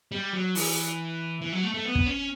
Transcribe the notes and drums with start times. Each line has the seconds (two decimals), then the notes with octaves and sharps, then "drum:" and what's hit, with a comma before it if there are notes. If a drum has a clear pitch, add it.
0.12 G3
0.33 F#3
0.55 E3, drum: open hi-hat
1.41 E3
1.52 F#3
1.63 A3
1.74 A3
1.85 B3
1.95 drum: kick
2.06 C#4